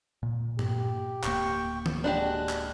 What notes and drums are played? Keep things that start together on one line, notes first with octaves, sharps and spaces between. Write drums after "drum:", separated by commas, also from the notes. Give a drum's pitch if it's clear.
A#2
G4, drum: tom G2
D1 A#3 G5 C#6, drum: clap
drum: tom D#3
G#3 D4 F#4 G4 F#6
drum: clap